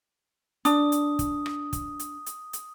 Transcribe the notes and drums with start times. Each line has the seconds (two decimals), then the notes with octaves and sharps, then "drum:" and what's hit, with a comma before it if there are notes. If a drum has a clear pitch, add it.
0.65 D4 D#6, drum: hi-hat
0.92 drum: hi-hat
1.19 drum: kick, hi-hat
1.46 drum: rim click
1.73 drum: kick, hi-hat
1.99 drum: hi-hat
2.26 drum: hi-hat
2.53 drum: hi-hat